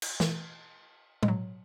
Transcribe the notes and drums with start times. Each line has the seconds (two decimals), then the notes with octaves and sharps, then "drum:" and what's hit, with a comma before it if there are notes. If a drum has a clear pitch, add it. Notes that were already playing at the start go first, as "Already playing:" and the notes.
0.02 drum: cymbal
0.20 E3, drum: snare
1.23 G#3, drum: tom A2
1.28 F#3